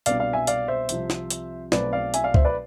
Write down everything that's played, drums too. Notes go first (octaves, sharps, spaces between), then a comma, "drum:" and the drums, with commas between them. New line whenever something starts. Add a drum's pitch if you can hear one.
C2 B2 B3 D4 D5 F5, drum: hi-hat
D5 F5
E5 G#5
D5 F5, drum: hi-hat
C5 E5
C2 C3 F3, drum: hi-hat
drum: snare
drum: hi-hat
B1 B2 A3 C4 B4 D5, drum: snare
D5 F5
E5 G#5, drum: hi-hat
D5 F5
C5 E5, drum: kick C#2
B4 D5